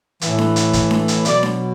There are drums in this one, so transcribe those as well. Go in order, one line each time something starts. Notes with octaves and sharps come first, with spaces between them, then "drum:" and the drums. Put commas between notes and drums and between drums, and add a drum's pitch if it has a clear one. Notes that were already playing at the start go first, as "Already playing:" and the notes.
A2 E3, drum: hi-hat
drum: snare D4
drum: hi-hat
drum: kick, hi-hat
drum: snare D4
drum: hi-hat
B2 F#3 D5, drum: hi-hat
drum: snare D4